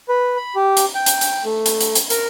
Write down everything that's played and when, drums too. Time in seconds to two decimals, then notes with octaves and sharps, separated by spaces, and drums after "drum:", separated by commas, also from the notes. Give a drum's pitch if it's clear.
0.09 B4
0.37 B5
0.55 G4
0.77 drum: hi-hat
0.95 G5
1.06 drum: hi-hat
1.21 drum: hi-hat
1.45 A3
1.66 drum: hi-hat
1.81 drum: hi-hat
1.95 drum: hi-hat
2.10 A#4, drum: hi-hat